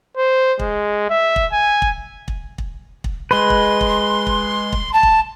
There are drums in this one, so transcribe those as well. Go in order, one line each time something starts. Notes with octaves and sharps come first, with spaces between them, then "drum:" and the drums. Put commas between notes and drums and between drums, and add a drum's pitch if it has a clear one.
C5
G#3, drum: kick
E5
drum: kick
G#5
drum: kick
drum: kick
drum: kick
drum: kick
G#3 B4 C6
drum: kick
drum: kick
drum: kick
drum: kick
A5
drum: kick